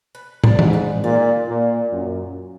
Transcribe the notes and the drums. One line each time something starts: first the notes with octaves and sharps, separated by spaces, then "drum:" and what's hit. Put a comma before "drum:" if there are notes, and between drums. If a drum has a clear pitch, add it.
B4
D5, drum: tom
G#2, drum: tom E3
B4
A#2 D5
A#2
F#2